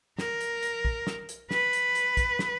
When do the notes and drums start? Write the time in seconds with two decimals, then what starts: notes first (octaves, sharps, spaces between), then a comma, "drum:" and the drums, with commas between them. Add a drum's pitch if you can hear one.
0.18 A#4, drum: snare
0.41 drum: hi-hat
0.63 drum: hi-hat
0.85 drum: kick
1.07 drum: snare
1.29 drum: hi-hat
1.51 B4, drum: snare
1.73 drum: hi-hat
1.95 drum: hi-hat
2.17 drum: kick, hi-hat
2.39 drum: snare